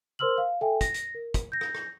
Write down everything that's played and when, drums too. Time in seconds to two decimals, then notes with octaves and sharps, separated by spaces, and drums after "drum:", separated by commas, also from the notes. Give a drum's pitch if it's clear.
0.19 A#4 C5 C6 E6 F6 F#7
0.38 F5
0.61 A4 E5 G5 G#5
0.81 A#6, drum: kick, hi-hat
0.94 drum: hi-hat
1.15 A#4
1.34 drum: kick, hi-hat
1.52 G6 A#6
1.61 drum: rim click
1.75 drum: rim click